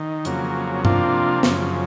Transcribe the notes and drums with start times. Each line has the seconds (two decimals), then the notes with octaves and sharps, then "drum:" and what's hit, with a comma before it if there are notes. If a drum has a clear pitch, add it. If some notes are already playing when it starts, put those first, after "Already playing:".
Already playing: D#3
0.25 F2 C#3 F#3 A#3, drum: hi-hat
0.85 C3 F3 A#3 D4 F4, drum: tom G2
1.43 F#2 C#3 F3, drum: snare